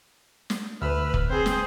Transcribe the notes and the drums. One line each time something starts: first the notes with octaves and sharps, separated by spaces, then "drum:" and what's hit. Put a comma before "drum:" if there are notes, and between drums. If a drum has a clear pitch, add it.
drum: snare
D2 B4 B5 E6 F6
drum: kick
C4 G#4 C5
drum: snare